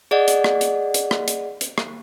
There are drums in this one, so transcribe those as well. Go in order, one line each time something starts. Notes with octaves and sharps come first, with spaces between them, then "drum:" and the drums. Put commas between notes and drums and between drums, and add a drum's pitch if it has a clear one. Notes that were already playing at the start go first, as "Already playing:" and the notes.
G#4 D5 D#5 F#5
drum: hi-hat
drum: rim click
drum: hi-hat
drum: hi-hat
drum: rim click
drum: hi-hat
drum: hi-hat
drum: rim click